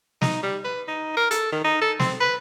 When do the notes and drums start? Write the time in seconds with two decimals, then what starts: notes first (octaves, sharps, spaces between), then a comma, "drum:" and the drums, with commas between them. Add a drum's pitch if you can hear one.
0.21 D#4, drum: snare
0.43 G3
0.65 B4
0.88 D#4
1.17 A#4
1.31 A4, drum: hi-hat
1.52 D#3
1.64 D#4
1.82 A4
2.00 C4, drum: snare
2.21 B4